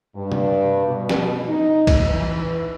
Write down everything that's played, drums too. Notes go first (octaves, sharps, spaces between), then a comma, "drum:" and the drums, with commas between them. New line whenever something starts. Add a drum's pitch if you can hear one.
G2
drum: tom C3
B2
drum: snare
D#4
drum: kick, cymbal
E3